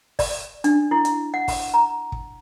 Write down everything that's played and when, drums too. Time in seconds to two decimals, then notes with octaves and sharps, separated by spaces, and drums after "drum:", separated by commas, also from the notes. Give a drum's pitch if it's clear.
0.19 D5, drum: kick, open hi-hat
0.64 D4, drum: hi-hat
0.91 E4
1.05 drum: hi-hat
1.34 F#5
1.48 drum: kick, open hi-hat
1.74 A#5
2.12 drum: kick